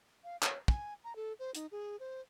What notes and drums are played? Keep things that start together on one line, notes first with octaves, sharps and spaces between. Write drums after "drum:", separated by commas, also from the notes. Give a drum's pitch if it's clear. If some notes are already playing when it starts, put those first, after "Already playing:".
F5
C#5, drum: clap
G#5, drum: kick
A#5
A4
C5
D#4, drum: hi-hat
G#4
C5